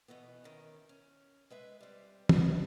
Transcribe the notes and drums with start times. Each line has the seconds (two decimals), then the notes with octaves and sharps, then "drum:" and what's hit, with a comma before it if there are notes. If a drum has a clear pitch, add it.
0.08 B2 E3 A3 B3
0.44 D#3 C#4
0.89 C#4
1.50 G#3 B4 E5
1.81 G3 C4
2.29 B3 B4 E5 F#5, drum: tom